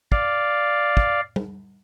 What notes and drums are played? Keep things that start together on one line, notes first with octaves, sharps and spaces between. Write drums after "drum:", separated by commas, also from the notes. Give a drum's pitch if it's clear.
D5 F5, drum: kick
drum: kick
drum: tom G3